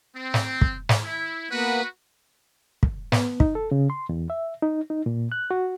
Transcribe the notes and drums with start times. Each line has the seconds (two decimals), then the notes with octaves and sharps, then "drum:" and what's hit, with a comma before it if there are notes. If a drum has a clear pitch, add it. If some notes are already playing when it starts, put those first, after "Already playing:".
0.16 C4
0.34 drum: snare
0.61 drum: kick
0.89 drum: snare
1.04 E4
1.51 A#3 B3 F#4 B4
2.83 drum: kick
3.12 B3, drum: snare
3.40 D#4, drum: kick
3.55 A4
3.71 C#3
3.90 C6
4.09 E2
4.30 E5
4.62 D#4
4.90 D#4
5.06 A#2
5.32 F#6
5.51 F#4